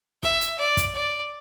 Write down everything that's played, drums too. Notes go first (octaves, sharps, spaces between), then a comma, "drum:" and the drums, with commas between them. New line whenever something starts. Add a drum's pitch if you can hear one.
E5, drum: snare
drum: hi-hat
D5
drum: kick, hi-hat
D5